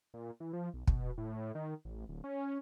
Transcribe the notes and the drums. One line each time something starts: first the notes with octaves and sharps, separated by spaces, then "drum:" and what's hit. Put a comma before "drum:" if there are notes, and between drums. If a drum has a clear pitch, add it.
A#2
E3
F3
B1
B2, drum: kick
A2
D#3
A1
D1
C#4